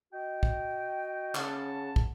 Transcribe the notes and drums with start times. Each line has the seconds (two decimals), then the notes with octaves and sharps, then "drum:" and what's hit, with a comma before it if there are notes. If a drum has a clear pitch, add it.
0.13 F#4 D#5 G5
0.43 drum: kick
1.35 C#3 F#5 A5, drum: clap
1.96 drum: kick